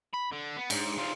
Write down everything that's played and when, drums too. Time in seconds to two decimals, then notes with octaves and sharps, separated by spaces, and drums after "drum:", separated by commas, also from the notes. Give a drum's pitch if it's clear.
0.13 B5
0.32 D3
0.56 B3
0.70 G#2, drum: cymbal
0.97 D#3 F4